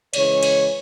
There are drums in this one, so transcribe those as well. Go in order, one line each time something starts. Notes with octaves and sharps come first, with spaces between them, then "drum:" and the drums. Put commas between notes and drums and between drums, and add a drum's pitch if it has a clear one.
C#3 E3 G#3 C#4 C#5, drum: cymbal
drum: cymbal